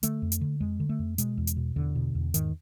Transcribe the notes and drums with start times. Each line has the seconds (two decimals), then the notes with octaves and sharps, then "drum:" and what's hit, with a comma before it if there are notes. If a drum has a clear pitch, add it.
0.03 D3 A3, drum: hi-hat
0.22 F2
0.32 drum: hi-hat
0.41 D3
0.60 F2 G#3
0.80 D3
0.89 A3
0.99 F2
1.18 B2 G#3, drum: hi-hat
1.37 E2
1.47 drum: hi-hat
1.57 B2
1.76 E2 D3
1.95 B2
2.15 E2
2.34 G#2 D#3, drum: hi-hat